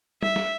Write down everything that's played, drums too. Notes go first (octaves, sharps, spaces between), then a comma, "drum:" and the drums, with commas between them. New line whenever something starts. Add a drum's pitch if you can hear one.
E5, drum: tom
drum: snare